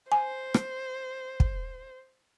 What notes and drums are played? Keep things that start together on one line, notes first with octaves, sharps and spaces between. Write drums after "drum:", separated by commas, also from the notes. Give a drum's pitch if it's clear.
C5 G#5
drum: rim click
drum: kick